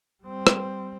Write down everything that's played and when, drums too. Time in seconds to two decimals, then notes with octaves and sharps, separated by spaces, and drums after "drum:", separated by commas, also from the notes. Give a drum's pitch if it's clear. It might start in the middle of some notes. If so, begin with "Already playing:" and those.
0.23 G3 C4
0.47 drum: rim click